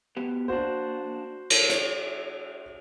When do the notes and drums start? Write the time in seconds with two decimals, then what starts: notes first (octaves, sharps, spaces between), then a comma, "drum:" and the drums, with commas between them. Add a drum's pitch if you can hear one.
0.17 B3 F#4 G4
0.48 A#3 D4 F#4 C5
1.50 drum: cymbal
1.70 C#5 D5, drum: hi-hat